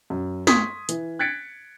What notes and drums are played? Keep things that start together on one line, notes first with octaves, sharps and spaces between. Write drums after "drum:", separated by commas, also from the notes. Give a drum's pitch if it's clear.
F#2
C6 C#6 D#6 G#6 B6, drum: snare
E3, drum: hi-hat
F#6 G#6 A6 B6 C#7 D7